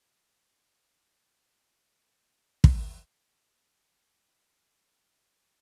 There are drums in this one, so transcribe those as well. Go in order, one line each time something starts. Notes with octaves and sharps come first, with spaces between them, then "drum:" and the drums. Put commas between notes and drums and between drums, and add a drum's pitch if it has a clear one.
C4 G5
D5
F#5
drum: kick
B3
D#4
G#3
G2 C#4 C#5 D#5
C4
C#5 D#5 C#6